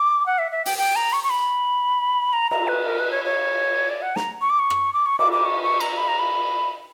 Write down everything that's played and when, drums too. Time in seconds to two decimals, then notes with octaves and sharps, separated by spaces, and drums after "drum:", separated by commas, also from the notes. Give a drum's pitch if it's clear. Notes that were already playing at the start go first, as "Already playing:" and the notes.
Already playing: D6
0.26 F#5
0.39 E5
0.51 E5
0.65 G5, drum: open hi-hat
0.78 G5
0.96 A#5
1.13 C#6
1.24 C#6
1.30 B5
2.33 A#5
2.51 A#5, drum: cymbal
2.68 B4
2.86 A#4
2.99 B4
3.11 C#5
3.25 C#5
3.90 D5
4.02 F#5
4.16 A#5, drum: snare
4.41 C#6
4.50 D6
4.59 C#6
4.70 drum: rim click
4.93 D6
5.06 C#6
5.19 D6, drum: cymbal
5.32 D6
5.45 C#6
5.63 C#6
5.80 A#5, drum: cymbal
5.98 B5
6.08 A#5
6.19 B5